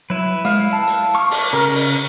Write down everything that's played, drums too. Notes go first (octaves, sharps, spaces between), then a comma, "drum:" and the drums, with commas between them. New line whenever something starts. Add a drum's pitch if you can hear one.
F#3 E4 B4
G#3 F5, drum: hi-hat
A5
drum: hi-hat
C#6 D6 F6
drum: open hi-hat
C#3 A#4 F6
drum: open hi-hat